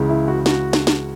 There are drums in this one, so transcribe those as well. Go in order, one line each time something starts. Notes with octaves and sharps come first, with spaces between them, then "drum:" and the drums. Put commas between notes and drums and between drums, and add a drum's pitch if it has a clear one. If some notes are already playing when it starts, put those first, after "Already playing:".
Already playing: C#2 C#3 E3
E4
F#4
F#4, drum: snare
drum: snare
drum: snare